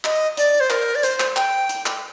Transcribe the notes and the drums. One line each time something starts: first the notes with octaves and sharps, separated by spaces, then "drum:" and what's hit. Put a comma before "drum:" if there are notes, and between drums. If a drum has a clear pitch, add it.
D#5, drum: clap
D5, drum: hi-hat
C5
A#4, drum: clap
D5
C5, drum: hi-hat
drum: clap
G5, drum: clap
drum: hi-hat
drum: clap